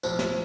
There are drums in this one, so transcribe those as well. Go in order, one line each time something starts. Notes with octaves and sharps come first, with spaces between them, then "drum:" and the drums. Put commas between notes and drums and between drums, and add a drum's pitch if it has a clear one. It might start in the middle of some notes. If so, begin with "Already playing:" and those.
B1 A2 F3 C5, drum: tambourine
drum: snare